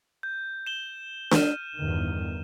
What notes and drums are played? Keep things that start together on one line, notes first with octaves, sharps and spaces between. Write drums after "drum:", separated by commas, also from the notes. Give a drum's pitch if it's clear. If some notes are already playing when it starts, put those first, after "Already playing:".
G6
E7 G7
F6 D#7 E7, drum: snare D4
G1 E2 D#3